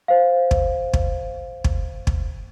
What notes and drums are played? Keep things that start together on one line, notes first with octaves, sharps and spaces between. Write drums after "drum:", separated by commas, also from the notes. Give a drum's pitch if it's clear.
C5 F5
drum: kick
drum: kick
drum: kick
drum: kick